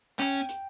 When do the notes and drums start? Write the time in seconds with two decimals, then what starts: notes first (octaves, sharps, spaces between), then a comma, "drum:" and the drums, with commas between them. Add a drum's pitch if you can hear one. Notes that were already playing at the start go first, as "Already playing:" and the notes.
0.19 C#4 G5, drum: clap
0.49 drum: hi-hat